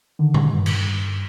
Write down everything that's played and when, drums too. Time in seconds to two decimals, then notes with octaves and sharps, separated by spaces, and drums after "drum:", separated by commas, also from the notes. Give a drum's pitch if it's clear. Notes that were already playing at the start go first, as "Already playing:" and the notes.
0.19 D3 D#3
0.34 drum: tom A#2
0.54 G2
0.66 drum: cymbal